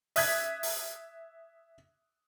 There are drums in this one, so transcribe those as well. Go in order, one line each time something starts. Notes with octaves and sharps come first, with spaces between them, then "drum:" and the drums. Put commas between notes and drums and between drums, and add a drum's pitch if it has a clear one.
E5 D#6 F#6 G#6 B6, drum: open hi-hat
drum: open hi-hat